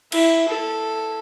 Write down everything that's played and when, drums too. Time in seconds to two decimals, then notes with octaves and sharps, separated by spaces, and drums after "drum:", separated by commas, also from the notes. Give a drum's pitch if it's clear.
0.12 E4, drum: cymbal
0.48 A4